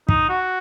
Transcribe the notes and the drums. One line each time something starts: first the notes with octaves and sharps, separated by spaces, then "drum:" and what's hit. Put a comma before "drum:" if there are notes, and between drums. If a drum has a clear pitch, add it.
D#4, drum: kick
F#4